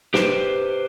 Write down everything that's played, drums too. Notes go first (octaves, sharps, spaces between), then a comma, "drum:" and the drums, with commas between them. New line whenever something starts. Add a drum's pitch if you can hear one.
G4 B4 C5, drum: snare